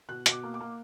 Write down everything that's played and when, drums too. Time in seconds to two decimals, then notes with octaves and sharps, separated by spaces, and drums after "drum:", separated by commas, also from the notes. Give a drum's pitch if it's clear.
0.09 B2 F#6
0.26 B2, drum: hi-hat
0.31 D6
0.43 A#3
0.54 D6
0.61 A#3